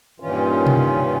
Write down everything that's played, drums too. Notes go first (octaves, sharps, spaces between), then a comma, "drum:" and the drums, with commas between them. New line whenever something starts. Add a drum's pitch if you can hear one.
G2 A#2 D#3 E3 C#4 F4
drum: tom B2